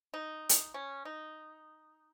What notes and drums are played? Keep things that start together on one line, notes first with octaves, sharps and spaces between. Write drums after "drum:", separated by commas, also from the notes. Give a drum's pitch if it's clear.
D#4
drum: hi-hat
C#4
D#4